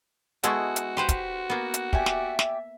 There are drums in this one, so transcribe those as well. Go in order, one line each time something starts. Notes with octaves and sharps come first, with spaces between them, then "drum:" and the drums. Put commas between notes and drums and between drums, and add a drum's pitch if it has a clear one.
G#3 B3 E4 F#4 A4 D#5 C#6, drum: hi-hat
drum: hi-hat
G4 B4 C5 C6
drum: kick, hi-hat
A#3 B3
drum: hi-hat
G4 D5 E5 G#5, drum: kick
drum: snare
drum: snare